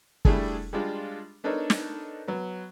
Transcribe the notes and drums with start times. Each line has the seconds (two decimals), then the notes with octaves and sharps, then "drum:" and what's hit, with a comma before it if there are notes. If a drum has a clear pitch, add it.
0.25 G3 A3 D4 E4 G#4 A4, drum: kick
0.73 G3 G#3 D4 F4
1.44 B3 D4 D#4 A4 A#4 C#5
1.70 drum: snare
2.28 F#3 B3